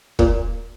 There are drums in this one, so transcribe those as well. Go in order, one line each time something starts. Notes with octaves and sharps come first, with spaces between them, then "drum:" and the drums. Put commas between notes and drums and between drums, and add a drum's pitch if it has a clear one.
A#2, drum: kick